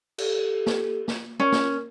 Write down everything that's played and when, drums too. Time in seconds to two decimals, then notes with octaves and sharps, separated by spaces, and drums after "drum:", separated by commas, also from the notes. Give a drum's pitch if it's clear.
0.18 G4 A4, drum: cymbal
0.66 drum: snare
1.08 drum: snare
1.40 C#4 A#4
1.52 drum: snare